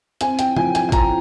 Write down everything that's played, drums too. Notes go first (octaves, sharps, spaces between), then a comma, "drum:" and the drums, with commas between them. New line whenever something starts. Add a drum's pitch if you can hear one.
C4 G#5, drum: hi-hat
G5, drum: hi-hat
F3 G#5, drum: tom
G#5, drum: hi-hat
G#5
F3 A#5, drum: kick G#1, hi-hat